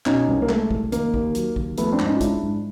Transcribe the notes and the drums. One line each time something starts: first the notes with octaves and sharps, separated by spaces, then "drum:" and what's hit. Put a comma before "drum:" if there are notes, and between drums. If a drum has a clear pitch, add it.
B2 C#4 D#4, drum: clap
C2
A#3
G#3 A3, drum: clap
C2, drum: kick
D#3 A#3, drum: hi-hat
D#2, drum: kick
F#3, drum: hi-hat
D#2, drum: kick
F3 A3 B3, drum: hi-hat
C4 D4
G#2, drum: clap
C#4 D#4
F4
G#3 D4 E4, drum: kick, hi-hat
G#2